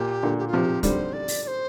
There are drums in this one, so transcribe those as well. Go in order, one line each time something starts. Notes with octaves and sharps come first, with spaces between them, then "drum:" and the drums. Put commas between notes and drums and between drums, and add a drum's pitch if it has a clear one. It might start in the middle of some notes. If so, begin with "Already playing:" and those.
Already playing: A#2 G4
A#2 D3
G4
F4
C3 F3 G4
D3 G3 C5 D5, drum: kick, hi-hat
D5
drum: open hi-hat
D5
C5